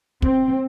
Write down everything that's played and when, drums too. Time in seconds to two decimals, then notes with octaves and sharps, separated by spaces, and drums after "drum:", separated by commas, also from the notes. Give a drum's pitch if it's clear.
0.22 C4, drum: kick